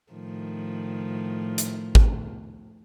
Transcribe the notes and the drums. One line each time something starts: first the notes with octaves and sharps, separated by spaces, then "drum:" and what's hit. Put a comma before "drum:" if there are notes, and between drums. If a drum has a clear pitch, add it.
A2 D#3 F3
drum: hi-hat
drum: kick G#1